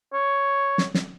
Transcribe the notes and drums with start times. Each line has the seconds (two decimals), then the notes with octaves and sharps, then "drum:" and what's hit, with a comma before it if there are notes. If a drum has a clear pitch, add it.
0.13 C#5
0.78 drum: snare
0.94 drum: snare